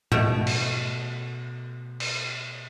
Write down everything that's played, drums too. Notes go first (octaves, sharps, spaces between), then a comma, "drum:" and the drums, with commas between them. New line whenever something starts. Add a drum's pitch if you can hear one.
B2 A3, drum: tom G#2
drum: cymbal
drum: cymbal